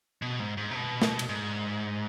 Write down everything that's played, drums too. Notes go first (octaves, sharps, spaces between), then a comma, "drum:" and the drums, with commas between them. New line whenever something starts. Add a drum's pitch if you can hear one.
B2
G#2
G#2
C3
B2
drum: snare
drum: cymbal
G#2